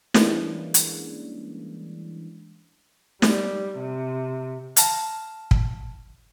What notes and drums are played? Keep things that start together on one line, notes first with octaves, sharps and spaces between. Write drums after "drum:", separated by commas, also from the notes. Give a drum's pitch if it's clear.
E3 G3 G#3 A#3 C#4 D4, drum: snare
drum: hi-hat
G3, drum: snare
C3
F5 A5 A#5, drum: hi-hat
drum: kick